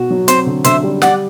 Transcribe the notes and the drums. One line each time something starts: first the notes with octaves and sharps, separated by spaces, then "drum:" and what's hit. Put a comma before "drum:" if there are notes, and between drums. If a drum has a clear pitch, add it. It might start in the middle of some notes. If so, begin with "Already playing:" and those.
Already playing: B2 F#4
F#3
C4 C5, drum: hi-hat
D3
D3 C5 E5, drum: hi-hat
G3
G3 D5 F#5, drum: snare